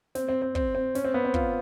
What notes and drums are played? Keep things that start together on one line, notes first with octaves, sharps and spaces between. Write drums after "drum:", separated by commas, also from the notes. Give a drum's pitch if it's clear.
C4, drum: snare
C4
C4
C4, drum: kick
C4
C#4, drum: snare
C4
B3
C4
F4, drum: kick